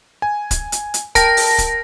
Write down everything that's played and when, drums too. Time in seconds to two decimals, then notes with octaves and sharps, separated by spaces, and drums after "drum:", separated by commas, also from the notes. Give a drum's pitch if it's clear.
0.22 G#5
0.51 drum: kick C#1, hi-hat
0.72 drum: hi-hat
0.94 drum: hi-hat
1.15 A#4 G5 A5 A#6, drum: kick C#1, hi-hat
1.37 drum: open hi-hat
1.58 drum: kick C#1, hi-hat